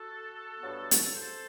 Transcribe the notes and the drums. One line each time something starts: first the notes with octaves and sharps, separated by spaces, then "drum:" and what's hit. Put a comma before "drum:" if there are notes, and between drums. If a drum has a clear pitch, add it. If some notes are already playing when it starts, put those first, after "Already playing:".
Already playing: F#4 A4
G2 F#3 B3
drum: hi-hat
A4 C5